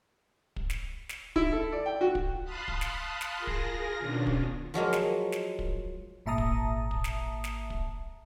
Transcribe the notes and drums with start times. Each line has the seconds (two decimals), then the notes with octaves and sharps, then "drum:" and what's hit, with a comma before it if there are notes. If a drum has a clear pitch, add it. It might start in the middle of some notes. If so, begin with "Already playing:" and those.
0.56 drum: kick
0.70 drum: snare
1.09 drum: snare
1.36 E4, drum: kick
1.52 A4
1.72 D5
1.86 G5
2.01 F#4
2.15 drum: kick
2.44 F5 A5 B5 C6 D#6 F#6
2.68 drum: kick
2.81 drum: snare
3.21 drum: snare
3.37 F4 G#4 A#4 A#6
3.47 drum: kick
3.99 B2 D#3 C#4 D4 F4
4.27 drum: kick
4.74 F3 F#3 G#3 A#3
4.93 drum: snare
5.32 drum: snare
5.59 drum: kick
6.26 G#1 A#2 E5 A5 A#5 D#6
6.38 drum: kick
6.91 drum: kick
7.04 drum: snare
7.44 drum: snare
7.70 drum: kick